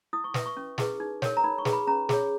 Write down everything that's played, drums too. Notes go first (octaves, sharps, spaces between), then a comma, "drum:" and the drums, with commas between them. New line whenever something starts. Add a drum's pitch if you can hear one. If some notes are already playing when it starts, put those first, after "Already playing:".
E4 D#6
C#6
B4 E5, drum: snare
C#6
C#4
E4 G#4 B4, drum: snare
D#4
A#4 C#5, drum: snare
A#5
D#4 B5
C#6
G#4 B4, drum: snare
B5
C#4 A#5
G#4 C#5, drum: snare